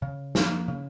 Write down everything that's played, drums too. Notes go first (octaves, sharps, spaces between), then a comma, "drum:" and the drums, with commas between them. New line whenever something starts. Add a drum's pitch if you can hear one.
C#3
F3 A#3, drum: snare
C#3